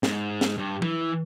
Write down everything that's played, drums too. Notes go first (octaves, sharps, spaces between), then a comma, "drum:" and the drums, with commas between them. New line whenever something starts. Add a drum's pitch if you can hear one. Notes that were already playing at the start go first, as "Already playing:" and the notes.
G#2, drum: snare
drum: snare
G2
E3, drum: tom